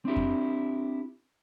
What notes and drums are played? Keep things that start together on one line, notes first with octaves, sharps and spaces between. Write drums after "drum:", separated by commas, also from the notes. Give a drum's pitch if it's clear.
C4 D4 E4 G4
drum: kick F2